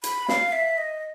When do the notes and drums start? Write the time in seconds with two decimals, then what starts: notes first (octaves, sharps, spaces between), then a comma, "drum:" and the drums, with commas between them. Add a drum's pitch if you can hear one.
0.04 B5, drum: hi-hat
0.28 F5, drum: snare
0.52 E5
0.78 D#5